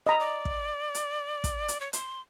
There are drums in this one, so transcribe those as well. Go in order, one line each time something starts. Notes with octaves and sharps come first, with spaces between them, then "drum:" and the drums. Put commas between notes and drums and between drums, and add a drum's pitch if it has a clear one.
D#5 A#5 B5
D5
drum: kick
drum: hi-hat
drum: kick, hi-hat
drum: hi-hat
C#5
C6, drum: hi-hat